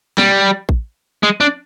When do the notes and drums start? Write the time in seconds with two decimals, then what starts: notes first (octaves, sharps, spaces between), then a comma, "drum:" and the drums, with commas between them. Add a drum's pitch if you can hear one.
0.18 G3, drum: snare
0.69 drum: kick A1
1.23 G#3
1.40 D4